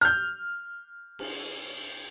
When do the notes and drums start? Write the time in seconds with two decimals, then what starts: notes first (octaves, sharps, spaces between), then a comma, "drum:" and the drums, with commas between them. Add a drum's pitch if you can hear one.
0.01 F6 G6, drum: hi-hat
1.19 drum: cymbal